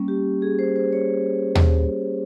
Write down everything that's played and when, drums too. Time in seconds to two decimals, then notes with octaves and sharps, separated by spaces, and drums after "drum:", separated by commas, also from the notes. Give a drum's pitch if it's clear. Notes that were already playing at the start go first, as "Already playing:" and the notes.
Already playing: G3 A#3 C#4
0.08 G4
0.42 G#4
0.59 C5
0.76 C5
0.93 C#5
1.55 drum: tom D#2